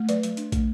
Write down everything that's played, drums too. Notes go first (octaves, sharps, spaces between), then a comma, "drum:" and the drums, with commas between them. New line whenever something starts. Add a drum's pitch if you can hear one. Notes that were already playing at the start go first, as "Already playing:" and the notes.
Already playing: A3
F#3 B4 D5, drum: hi-hat
F#3, drum: hi-hat
D4, drum: hi-hat
A3, drum: kick, hi-hat